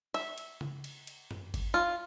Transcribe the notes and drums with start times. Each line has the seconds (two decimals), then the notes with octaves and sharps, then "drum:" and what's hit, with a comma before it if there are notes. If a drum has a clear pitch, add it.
0.14 E5, drum: cymbal
0.38 drum: cymbal
0.61 drum: tom C#3
0.84 drum: cymbal
1.07 drum: cymbal
1.31 drum: tom F#2
1.54 drum: kick G1, cymbal
1.74 F4